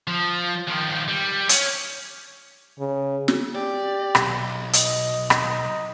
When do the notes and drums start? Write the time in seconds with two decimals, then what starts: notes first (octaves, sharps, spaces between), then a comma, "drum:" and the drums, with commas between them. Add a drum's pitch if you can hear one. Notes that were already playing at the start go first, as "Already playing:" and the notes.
0.07 F3
0.68 D#3 F3
1.08 G3
1.49 C#4, drum: hi-hat
2.79 C#3
3.28 drum: snare
3.55 G4 D5
4.15 B1, drum: rim click
4.73 D#5, drum: hi-hat
5.30 D#4, drum: rim click